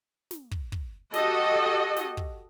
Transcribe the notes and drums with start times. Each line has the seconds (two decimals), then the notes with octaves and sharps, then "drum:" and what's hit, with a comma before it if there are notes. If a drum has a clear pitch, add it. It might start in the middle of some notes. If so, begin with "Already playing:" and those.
0.31 drum: snare
0.51 drum: kick
0.72 drum: kick
1.14 F#4 G4 A4 D#5, drum: snare
1.96 drum: snare
2.17 drum: kick